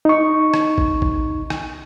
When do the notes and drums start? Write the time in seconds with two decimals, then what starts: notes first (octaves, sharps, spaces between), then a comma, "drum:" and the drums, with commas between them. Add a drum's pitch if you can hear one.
0.05 D#4 C#6
0.54 drum: rim click
0.78 drum: kick A1
1.02 drum: kick A1
1.50 drum: rim click